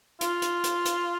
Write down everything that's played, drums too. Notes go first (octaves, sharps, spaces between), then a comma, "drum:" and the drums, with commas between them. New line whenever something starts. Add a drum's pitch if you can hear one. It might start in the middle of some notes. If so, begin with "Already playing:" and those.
F4, drum: hi-hat
drum: hi-hat
drum: hi-hat
drum: hi-hat